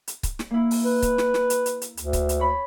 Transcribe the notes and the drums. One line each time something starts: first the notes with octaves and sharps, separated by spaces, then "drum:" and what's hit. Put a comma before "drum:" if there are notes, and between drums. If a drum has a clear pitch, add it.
drum: hi-hat
drum: kick C#1, hi-hat
drum: snare
A#3 E4
drum: open hi-hat
B4
drum: kick C#1, hi-hat
drum: snare
drum: snare
drum: hi-hat
drum: hi-hat
drum: hi-hat
D2, drum: hi-hat
drum: kick C#1, hi-hat
drum: hi-hat
C#5 B5